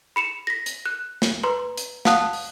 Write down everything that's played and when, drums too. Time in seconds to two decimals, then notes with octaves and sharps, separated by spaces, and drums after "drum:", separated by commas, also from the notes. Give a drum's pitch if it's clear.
0.16 B5 C#7 E7 F7
0.47 A#6 B6
0.66 drum: hi-hat
0.86 F#6
1.22 drum: snare
1.43 B4 A#5 C6
1.77 drum: hi-hat
2.05 F5 F#5 A5 D#6 F#6, drum: snare
2.33 drum: open hi-hat